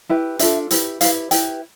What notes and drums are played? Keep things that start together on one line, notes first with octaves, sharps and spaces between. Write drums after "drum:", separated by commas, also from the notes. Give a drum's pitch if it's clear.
E4 G4 B4 E5
D4 F4 A4 E5, drum: hi-hat
E4 G4 B4, drum: hi-hat
E4 G4 B4 F5, drum: hi-hat
E4 G4 B4 G5, drum: hi-hat